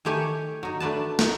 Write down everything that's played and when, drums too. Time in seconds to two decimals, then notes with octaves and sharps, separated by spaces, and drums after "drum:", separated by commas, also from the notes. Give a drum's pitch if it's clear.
0.05 D#3 A3 G4 C#5 G#5
0.63 F#3 D#4
0.80 A3 D4 B4 A5
1.19 D#4, drum: snare